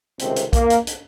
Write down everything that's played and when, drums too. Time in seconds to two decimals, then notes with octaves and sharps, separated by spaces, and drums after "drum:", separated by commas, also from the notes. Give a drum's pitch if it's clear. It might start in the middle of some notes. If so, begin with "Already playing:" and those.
0.19 C#2 C3 D#3 A3 C4, drum: hi-hat
0.36 drum: hi-hat
0.53 A#3, drum: kick, hi-hat
0.70 drum: hi-hat
0.87 drum: hi-hat